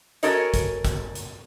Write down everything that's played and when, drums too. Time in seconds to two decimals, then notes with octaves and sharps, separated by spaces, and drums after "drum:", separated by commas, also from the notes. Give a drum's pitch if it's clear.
0.23 C#4 F#4 A4 A#4 C#5 D#5, drum: hi-hat
0.54 drum: kick, hi-hat
0.85 drum: kick, hi-hat
1.15 drum: hi-hat